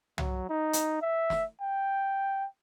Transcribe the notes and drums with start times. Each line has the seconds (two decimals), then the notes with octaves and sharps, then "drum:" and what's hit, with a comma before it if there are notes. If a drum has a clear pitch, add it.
0.18 F#3, drum: tom
0.49 D#4
0.73 drum: hi-hat
1.02 E5
1.30 drum: snare
1.61 G5